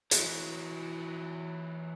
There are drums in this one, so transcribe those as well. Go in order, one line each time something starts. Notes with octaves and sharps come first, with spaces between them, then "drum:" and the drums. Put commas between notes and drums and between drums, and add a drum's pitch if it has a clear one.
E3 F#3, drum: hi-hat